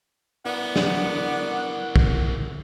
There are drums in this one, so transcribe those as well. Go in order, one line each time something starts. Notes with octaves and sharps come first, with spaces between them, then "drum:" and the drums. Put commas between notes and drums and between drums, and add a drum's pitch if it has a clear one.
B3 E4 A#4 D5 F#5
drum: snare
drum: kick